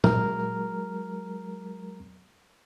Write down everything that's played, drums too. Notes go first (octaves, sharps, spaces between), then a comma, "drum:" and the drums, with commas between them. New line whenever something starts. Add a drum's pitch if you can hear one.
F#3 G#3 A#4 A#5 F6, drum: tom